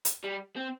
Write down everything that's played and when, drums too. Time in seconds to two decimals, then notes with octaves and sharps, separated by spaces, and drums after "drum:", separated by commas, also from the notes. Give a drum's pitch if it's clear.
0.05 drum: hi-hat
0.24 G3
0.57 C4